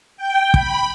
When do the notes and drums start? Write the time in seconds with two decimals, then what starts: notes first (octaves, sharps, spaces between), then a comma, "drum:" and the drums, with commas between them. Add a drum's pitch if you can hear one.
0.17 G5
0.54 B5, drum: kick